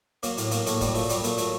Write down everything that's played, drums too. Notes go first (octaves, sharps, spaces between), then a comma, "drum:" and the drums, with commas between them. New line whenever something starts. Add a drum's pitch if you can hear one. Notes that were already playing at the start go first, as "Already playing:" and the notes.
F#3 A#3, drum: hi-hat
A2, drum: hi-hat
F#3 A#3, drum: hi-hat
A2 A3, drum: hi-hat
F#3 G3, drum: kick, hi-hat
A#2 A3, drum: open hi-hat
F#3 G3, drum: hi-hat
A#2 A3, drum: hi-hat
F#3 A3, drum: hi-hat